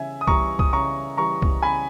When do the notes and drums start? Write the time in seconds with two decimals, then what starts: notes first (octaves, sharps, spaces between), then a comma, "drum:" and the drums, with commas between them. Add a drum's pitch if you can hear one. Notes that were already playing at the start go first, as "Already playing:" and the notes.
Already playing: C#3 E3 G3 E5 G#5
0.21 D#6
0.27 E3 G3 A#5 C#6, drum: kick C2
0.59 D#6, drum: kick C2
0.73 C#3 A#5 C#6
1.17 E3 G3 A#5 C#6
1.42 drum: kick C2
1.63 C#3 G#5 B5